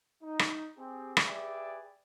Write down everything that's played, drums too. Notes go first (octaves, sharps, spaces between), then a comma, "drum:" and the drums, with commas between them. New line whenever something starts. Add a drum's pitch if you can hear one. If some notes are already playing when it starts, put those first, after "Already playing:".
D#4
drum: rim click
C4 G4 G#4
drum: rim click
G4 G#4 B4 D5 E5 G5